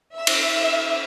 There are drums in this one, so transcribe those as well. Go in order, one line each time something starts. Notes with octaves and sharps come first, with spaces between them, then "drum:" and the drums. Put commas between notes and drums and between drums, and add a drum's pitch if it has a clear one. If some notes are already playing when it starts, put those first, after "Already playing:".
E5
drum: cymbal